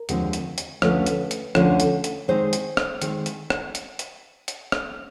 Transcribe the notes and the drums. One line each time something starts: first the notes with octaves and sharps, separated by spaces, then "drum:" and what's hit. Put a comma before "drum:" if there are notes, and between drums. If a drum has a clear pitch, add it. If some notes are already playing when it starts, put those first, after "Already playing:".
Already playing: A#4
D#2 D3 F3 G#3 C4, drum: hi-hat
drum: hi-hat
drum: hi-hat
D2 D3 F3 A3 C#4 B4, drum: rim click
drum: hi-hat
drum: hi-hat
D2 D3 F3 A3 C#4, drum: rim click
drum: hi-hat
drum: hi-hat
D#3 G#3 C4 D#4 C5
drum: hi-hat
drum: rim click
D#3 G#3 C4 D#4, drum: hi-hat
drum: hi-hat
drum: rim click
drum: hi-hat
drum: hi-hat
drum: hi-hat
drum: rim click